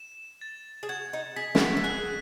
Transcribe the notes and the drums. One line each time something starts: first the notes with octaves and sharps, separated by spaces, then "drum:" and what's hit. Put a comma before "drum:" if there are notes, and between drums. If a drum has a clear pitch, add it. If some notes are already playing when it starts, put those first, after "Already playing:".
Already playing: E7
A6
G#4
F#4 G#6
D#4
G#4 B6
E4, drum: snare
F#4
A4
G#4 F#6